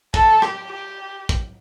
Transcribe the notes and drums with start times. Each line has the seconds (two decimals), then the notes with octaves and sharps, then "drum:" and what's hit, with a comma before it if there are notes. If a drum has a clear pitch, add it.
0.14 A4, drum: kick
0.42 G4, drum: rim click
0.72 G4
1.29 drum: kick